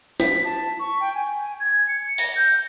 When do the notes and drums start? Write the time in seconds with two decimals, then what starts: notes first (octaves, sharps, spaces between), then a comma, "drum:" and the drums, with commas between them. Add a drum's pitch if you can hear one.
0.20 B6, drum: snare
0.44 A5
0.79 C#6
1.00 G5
1.14 G#5
1.60 G#6
1.88 C#7
2.18 A#6, drum: open hi-hat
2.36 G6